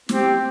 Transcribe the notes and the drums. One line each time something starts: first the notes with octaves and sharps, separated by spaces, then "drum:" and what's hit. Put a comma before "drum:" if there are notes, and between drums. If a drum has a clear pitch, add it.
C4 G4, drum: snare